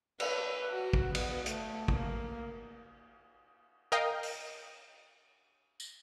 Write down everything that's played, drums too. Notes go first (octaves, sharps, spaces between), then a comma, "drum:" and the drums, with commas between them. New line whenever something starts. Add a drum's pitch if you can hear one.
B4, drum: cymbal
F#4
drum: kick
B3, drum: cymbal
A3, drum: hi-hat
A#3, drum: kick
A#4 D#5 F5 G5
drum: open hi-hat
drum: tambourine